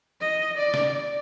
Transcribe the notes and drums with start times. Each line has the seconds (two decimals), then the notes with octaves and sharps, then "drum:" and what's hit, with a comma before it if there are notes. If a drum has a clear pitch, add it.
0.21 D#5
0.57 D5
0.74 drum: snare